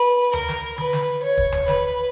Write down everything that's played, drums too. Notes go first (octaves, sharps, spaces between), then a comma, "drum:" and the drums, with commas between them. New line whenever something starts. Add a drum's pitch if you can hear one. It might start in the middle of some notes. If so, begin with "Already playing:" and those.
Already playing: B4
A#4, drum: tom D2
drum: snare
B4, drum: tom D3
drum: snare
C#5
drum: kick
drum: tom D2
B4, drum: snare